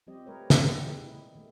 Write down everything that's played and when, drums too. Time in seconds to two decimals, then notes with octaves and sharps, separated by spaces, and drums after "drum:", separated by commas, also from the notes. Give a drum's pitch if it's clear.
0.07 F3 G3 C4 G4 D#5
0.26 G3 A3 A#4 B4 C#5
0.50 A#2 D#3 G3 G#3 B3 C4, drum: snare
0.84 G#3
1.04 E4
1.36 D#3 A3